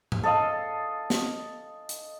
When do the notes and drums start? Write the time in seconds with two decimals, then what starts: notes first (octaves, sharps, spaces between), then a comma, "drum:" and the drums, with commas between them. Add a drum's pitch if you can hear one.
0.12 drum: tom G#2
0.23 A4 D#5 F5
1.10 drum: snare
1.89 drum: hi-hat